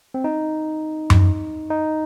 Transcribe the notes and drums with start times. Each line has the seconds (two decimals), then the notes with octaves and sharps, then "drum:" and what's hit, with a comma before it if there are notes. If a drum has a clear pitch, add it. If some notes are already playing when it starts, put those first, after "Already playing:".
0.14 C4
0.24 D#4
1.10 drum: tom F#2
1.70 D#4